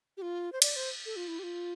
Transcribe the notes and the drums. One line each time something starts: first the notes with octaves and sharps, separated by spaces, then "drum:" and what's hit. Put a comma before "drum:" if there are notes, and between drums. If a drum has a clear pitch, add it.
G4
F4
C5
D5, drum: cymbal
C5
A4
F4
E4
G4
F4